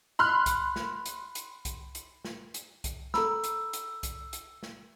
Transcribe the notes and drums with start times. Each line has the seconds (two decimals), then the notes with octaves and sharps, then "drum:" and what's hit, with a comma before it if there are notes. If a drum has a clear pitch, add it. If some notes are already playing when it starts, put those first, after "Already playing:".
0.19 B5 C6 F6 F#6
0.46 drum: kick C2, hi-hat
0.76 drum: snare
1.06 drum: hi-hat
1.35 drum: hi-hat
1.65 drum: kick C2, hi-hat
1.95 drum: hi-hat
2.25 drum: snare
2.54 drum: hi-hat
2.84 drum: kick C2, hi-hat
3.14 A4 A#5 B5 E6, drum: snare
3.44 drum: hi-hat
3.73 drum: hi-hat
4.03 drum: kick C2, hi-hat
4.33 drum: hi-hat
4.63 drum: snare